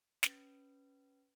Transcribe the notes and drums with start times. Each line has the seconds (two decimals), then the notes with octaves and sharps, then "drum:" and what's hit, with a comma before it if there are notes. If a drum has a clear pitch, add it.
0.23 C#4 B4, drum: snare